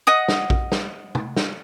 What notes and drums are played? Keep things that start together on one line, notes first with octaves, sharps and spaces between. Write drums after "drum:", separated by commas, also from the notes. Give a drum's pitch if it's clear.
D#5 F#5 D#6
drum: snare
drum: kick A#1
drum: snare
drum: tom
drum: snare